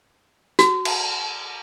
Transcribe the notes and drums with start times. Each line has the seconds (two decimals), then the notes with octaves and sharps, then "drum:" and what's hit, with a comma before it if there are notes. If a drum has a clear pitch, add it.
0.59 F#4, drum: hi-hat
0.85 drum: cymbal